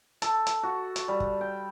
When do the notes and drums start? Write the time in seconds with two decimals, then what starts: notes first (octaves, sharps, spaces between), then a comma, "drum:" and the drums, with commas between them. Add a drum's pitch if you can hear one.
0.22 A4, drum: hi-hat
0.46 drum: hi-hat
0.63 F#4
0.96 drum: hi-hat
1.08 G3
1.20 drum: kick
1.41 G5